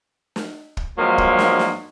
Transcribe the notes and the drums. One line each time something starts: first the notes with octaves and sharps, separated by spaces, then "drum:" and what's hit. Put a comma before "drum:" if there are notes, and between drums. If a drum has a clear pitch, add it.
drum: snare
drum: kick
G2 F3 F#3 G#3 A#3
drum: kick
drum: snare
drum: snare